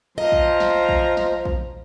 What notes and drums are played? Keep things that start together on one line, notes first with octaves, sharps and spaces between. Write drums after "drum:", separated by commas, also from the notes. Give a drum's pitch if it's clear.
F3 C5 D#5 A#5
drum: kick
drum: snare
drum: kick
drum: snare
drum: kick